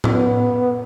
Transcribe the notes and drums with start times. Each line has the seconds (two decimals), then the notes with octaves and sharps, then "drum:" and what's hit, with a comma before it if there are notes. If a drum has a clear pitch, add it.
0.04 drum: tom A2
0.15 B3